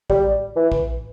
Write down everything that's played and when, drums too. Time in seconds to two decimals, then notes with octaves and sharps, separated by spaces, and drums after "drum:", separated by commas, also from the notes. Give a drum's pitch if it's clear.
0.10 G3, drum: kick A#1
0.56 E3
0.72 drum: kick A#1